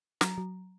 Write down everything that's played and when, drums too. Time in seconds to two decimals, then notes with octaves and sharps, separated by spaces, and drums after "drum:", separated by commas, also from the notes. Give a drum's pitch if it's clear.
0.21 F#3 A#5, drum: snare
0.38 F#3